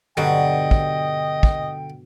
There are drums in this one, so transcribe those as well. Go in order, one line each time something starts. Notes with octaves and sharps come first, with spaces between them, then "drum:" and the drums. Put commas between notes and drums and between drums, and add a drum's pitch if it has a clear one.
G2 B2 D3 F#3 D#5 G5
drum: kick
drum: kick